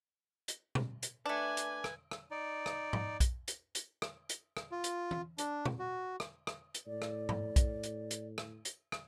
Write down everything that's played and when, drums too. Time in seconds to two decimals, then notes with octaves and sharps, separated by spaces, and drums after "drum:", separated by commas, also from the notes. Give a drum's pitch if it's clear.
0.48 drum: hi-hat
0.75 drum: tom B2
1.03 drum: hi-hat
1.26 A3 D4 B4 G#5
1.57 drum: hi-hat
1.84 drum: rim click
2.11 drum: rim click
2.31 D#4 D5
2.66 drum: rim click
2.93 drum: tom G#2
3.20 drum: kick, hi-hat
3.48 drum: hi-hat
3.75 drum: hi-hat
4.02 drum: rim click
4.29 drum: hi-hat
4.57 drum: rim click
4.72 F4
4.84 drum: hi-hat
5.11 drum: tom E3
5.38 D4, drum: hi-hat
5.65 drum: tom B2
5.79 F#4
6.20 drum: rim click
6.47 drum: rim click
6.74 drum: hi-hat
6.87 A2 D5
7.02 drum: rim click
7.29 drum: tom G#2
7.56 drum: kick, hi-hat
7.83 drum: hi-hat
8.11 drum: hi-hat
8.38 drum: rim click
8.65 drum: hi-hat
8.92 drum: rim click